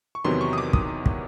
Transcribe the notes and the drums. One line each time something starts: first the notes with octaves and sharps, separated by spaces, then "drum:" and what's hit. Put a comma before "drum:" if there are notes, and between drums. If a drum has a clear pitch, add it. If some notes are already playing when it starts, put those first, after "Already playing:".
C#6
E2 C3 D#3 F#3 B3 C6
C#6
D#6
D6
D#6, drum: kick
drum: kick